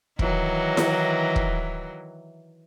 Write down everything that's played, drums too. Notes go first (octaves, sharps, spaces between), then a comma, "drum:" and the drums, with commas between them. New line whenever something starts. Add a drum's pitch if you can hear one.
D#3 E3 F#3, drum: kick
drum: snare E4
drum: kick